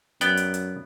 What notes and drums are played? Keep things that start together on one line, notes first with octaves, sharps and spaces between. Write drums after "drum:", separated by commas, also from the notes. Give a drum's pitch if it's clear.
F#2 B3 D5 G5, drum: hi-hat
drum: hi-hat
drum: hi-hat